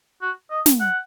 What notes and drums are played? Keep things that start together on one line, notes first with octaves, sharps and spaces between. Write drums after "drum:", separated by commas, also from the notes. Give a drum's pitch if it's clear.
F#4
D#5
drum: snare
F#5